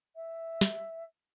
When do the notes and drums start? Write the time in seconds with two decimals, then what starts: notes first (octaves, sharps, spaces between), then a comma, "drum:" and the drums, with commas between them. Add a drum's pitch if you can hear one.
0.15 E5
0.61 drum: snare